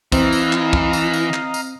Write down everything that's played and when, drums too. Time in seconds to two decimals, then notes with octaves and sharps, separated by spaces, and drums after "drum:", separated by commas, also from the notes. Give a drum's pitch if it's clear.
0.12 E3 C4 D#5 F5 A#5, drum: kick, tambourine
0.33 drum: tambourine
0.53 drum: clap
0.73 drum: kick
0.93 drum: tambourine
1.13 drum: tambourine
1.34 drum: clap
1.54 drum: tambourine